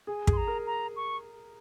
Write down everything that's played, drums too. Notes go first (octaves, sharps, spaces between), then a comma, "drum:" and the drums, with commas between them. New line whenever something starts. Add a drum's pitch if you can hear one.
G#4 G#5
G#4, drum: kick
C6
A#5
A#4
A#5
C#6